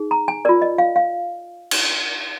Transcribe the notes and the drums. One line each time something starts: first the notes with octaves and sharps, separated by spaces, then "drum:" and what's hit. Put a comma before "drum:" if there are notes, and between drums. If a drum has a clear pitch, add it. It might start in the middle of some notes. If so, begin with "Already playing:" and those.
Already playing: D#4 G#4
A#5
G#5
F4 A#4 D5
D#5
F5
F5
drum: cymbal